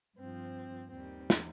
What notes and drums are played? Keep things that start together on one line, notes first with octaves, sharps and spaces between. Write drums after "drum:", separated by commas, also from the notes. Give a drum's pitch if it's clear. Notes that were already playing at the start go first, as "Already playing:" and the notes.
G2 F3 C4
D#2 D#3 G3 C4
drum: snare